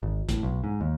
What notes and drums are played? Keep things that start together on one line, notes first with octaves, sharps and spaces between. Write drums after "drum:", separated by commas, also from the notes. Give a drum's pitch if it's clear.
G#1
A2, drum: kick, hi-hat
B1
G#2
D#2